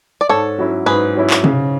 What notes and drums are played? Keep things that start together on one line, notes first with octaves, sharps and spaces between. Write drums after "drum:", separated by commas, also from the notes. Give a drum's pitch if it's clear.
D5
G#2 A4 C#5
F#3 C#4 E4
G#2 G#4 B4
F#3 C#4 E4
drum: clap
C#3, drum: tom